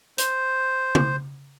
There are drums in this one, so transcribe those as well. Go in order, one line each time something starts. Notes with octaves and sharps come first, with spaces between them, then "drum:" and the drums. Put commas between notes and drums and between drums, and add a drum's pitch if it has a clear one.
C5, drum: hi-hat
drum: tom C#3